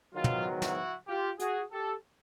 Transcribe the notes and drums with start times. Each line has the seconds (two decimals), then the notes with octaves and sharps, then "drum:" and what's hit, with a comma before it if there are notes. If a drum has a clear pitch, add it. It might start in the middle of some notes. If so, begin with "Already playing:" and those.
0.15 G#2 D#3 F#3 B3 F4
0.24 drum: tom
0.62 E4 F#4, drum: snare
1.08 F4 G4
1.39 F#4 G#4, drum: hi-hat
1.72 G4 A4